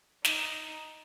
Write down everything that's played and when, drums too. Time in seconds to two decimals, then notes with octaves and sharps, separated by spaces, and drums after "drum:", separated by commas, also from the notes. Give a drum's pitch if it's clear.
0.25 D#4, drum: snare